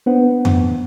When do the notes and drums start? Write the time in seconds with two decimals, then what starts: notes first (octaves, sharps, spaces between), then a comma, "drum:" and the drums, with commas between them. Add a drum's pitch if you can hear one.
0.06 B3 D4 B4 C5 F#5
0.45 drum: tom F2